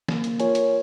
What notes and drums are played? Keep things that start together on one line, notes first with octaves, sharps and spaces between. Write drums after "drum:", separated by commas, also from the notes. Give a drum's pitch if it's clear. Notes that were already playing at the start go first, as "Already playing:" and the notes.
A#3, drum: snare
drum: hi-hat
F4 A#4 C#5 G#5, drum: hi-hat
drum: hi-hat